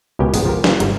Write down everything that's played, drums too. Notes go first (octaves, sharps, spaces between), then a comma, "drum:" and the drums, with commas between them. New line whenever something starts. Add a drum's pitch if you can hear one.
C#2 B2 G4 A#4 G5 G#5
A1 G#2 G#3 B3 D#5, drum: open hi-hat
F3 F4 G4 A#4
D3 E3 A#3, drum: snare
G1 G3 A#5, drum: hi-hat